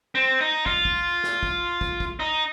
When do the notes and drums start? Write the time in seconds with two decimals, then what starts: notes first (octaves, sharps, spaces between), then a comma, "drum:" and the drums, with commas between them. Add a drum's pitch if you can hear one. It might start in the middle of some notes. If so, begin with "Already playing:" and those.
0.15 C4
0.41 D#4
0.66 F4, drum: kick
0.85 drum: kick
1.24 drum: snare
1.43 drum: kick
1.81 drum: kick
2.00 drum: kick
2.20 D#4